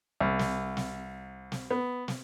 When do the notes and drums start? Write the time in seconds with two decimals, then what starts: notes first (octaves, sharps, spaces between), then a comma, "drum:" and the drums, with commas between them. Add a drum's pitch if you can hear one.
0.20 C2
0.39 drum: snare
0.77 drum: snare
1.52 drum: snare
1.70 B3
2.08 drum: snare